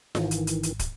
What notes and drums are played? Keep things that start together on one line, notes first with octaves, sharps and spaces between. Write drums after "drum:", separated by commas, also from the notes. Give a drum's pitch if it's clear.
G#1 D#3 E3, drum: snare F4
drum: hi-hat
drum: hi-hat
drum: hi-hat
drum: kick, hi-hat